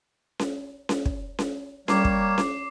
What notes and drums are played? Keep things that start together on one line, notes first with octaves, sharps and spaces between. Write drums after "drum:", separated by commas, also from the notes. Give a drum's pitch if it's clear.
drum: snare C#4
drum: snare C#4
drum: kick
drum: snare C#4
G3 A#3 A#4 C#5 D6 C7, drum: snare C#4
drum: kick
drum: snare C#4